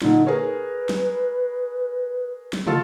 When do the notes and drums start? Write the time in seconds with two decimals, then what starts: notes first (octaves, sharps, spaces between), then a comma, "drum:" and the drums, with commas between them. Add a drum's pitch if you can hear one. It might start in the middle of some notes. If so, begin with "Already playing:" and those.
0.02 A#2 D3 D#4, drum: snare
0.26 G#4 A#4 B4 C#5
0.89 drum: snare
2.53 drum: snare
2.67 A3 F4 A4, drum: tom